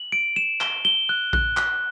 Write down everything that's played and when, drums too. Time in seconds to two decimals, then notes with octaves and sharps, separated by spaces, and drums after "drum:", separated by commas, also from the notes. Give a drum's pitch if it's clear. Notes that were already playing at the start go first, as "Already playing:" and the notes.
Already playing: F#7
0.12 D7
0.36 E7
0.61 G7, drum: clap
0.85 G7
1.09 F#6
1.33 F#6, drum: kick A#1
1.57 F#6, drum: clap